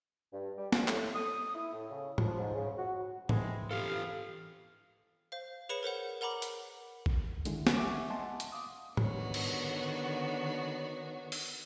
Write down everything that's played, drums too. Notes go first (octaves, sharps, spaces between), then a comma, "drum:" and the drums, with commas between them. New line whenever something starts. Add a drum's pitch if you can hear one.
G2
G3
F4, drum: snare
A2, drum: clap
D#6
E4
A2
C#3
F3, drum: tom G#2
G#2
C#3
F#4
E3 G#3 C4, drum: tom G#2
G4 A4 F5
C5 F5
G#4 B4 C#5 B5 C#7 E7
A#4 C5 C#5 F#5
A#4 F#5 A#5 B5 D6
drum: hi-hat
drum: kick A1
D3 D#3 G#3 A3 E4 G#4, drum: hi-hat
drum: snare
E5 F#5 G#5 C#6 D6
D#5 F#5 G#5 A5 C6
drum: hi-hat
F5 D6 D#6
D3 D#3 B3 F#4 C#5, drum: tom G#2
drum: cymbal
drum: open hi-hat